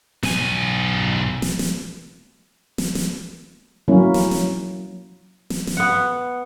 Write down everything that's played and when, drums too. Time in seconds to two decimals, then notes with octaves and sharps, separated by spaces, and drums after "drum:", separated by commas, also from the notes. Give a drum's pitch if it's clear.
0.23 B1 G#5, drum: snare
1.42 drum: snare
1.59 drum: snare
2.78 drum: snare
2.95 drum: snare
3.88 F#3 A#3 C#4 E4
4.14 drum: snare
4.31 drum: snare
5.50 drum: snare
5.67 drum: snare
5.77 B3 F#5